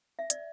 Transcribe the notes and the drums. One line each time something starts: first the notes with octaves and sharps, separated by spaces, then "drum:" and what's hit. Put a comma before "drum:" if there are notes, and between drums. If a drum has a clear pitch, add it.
E5
D5, drum: hi-hat